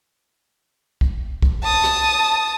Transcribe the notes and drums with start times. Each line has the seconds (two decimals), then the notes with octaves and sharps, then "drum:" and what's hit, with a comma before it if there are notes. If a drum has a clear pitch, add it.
1.01 drum: kick
1.42 drum: kick
1.63 A5 D#6
1.84 drum: rim click